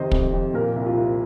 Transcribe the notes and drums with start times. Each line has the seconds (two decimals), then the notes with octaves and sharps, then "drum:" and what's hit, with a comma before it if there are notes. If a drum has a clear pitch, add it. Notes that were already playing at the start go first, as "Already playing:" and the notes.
Already playing: F2 C3 D#3 C5 D#5
0.11 F2, drum: kick
0.33 F2
0.54 A#2 A#4
0.76 C2
0.86 F4
0.97 C2